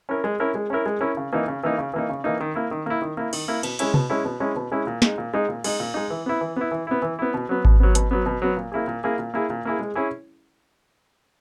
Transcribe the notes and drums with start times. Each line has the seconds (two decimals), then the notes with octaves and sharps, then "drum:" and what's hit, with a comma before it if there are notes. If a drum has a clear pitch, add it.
0.09 C#4 E4 A#4
0.24 G#3
0.40 C#4 E4 A#4
0.55 G#3
0.70 C#4 E4 A#4
0.86 G#3
1.01 C#4 E4 A#4
1.17 C#3
1.33 E3 A#3 D#4
1.48 C#3
1.63 E3 A#3 D#4
1.78 C#3
1.94 E3 A#3 D#4
2.09 C#3
2.24 E3 A#3 D#4
2.40 D#3
2.55 A#3 E4
2.71 D#3
2.86 A#3 E4
3.02 D#3
3.17 A#3 E4
3.33 D#3, drum: cymbal
3.48 A#3 E4
3.63 B2, drum: cymbal
3.79 G#3 C#4 E4, drum: cymbal
3.94 B2, drum: tom C3
4.10 G#3 C#4 E4
4.25 B2
4.40 G#3 C#4 E4
4.56 B2
4.72 G#3 C#4 E4
4.87 A#2
5.02 G#3 D#4, drum: snare
5.18 A#2
5.34 G#3 D#4
5.49 A#2
5.64 G#3 D#4, drum: cymbal
5.80 A#2
5.94 G#3 D#4
6.10 E3
6.26 B3 E4
6.41 E3
6.56 B3 E4
6.72 E3
6.87 B3 E4
7.02 E3
7.19 B3 E4
7.34 B2
7.49 F#3 B3
7.65 B2, drum: kick G#1
7.80 F#3 B3
7.95 B2, drum: hi-hat
8.11 F#3 B3
8.26 B2
8.42 F#3 B3
8.57 A#2
8.72 A#3 E4 G#4
8.87 A#2
9.04 A#3 E4 G#4
9.19 A#2
9.34 A#3 E4 G#4
9.50 A#2
9.65 A#3 E4 G#4
9.80 G#3
9.95 C#4 E4 G#4